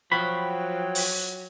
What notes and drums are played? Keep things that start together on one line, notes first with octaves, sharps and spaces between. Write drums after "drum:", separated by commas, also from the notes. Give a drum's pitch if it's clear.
F3 F#3 F#4 G5 B5
drum: open hi-hat